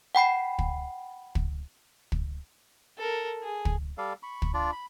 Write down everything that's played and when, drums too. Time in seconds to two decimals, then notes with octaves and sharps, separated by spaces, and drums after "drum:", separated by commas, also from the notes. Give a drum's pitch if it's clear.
0.15 F#5 G5 B5 C7
0.59 drum: kick
1.35 drum: kick
2.12 drum: kick
2.97 A4 A#4
3.43 G#4
3.65 drum: kick
3.98 G3 A4 D5 F5
4.23 B5 C#6
4.42 drum: kick
4.54 D4 F4 D5
4.72 B5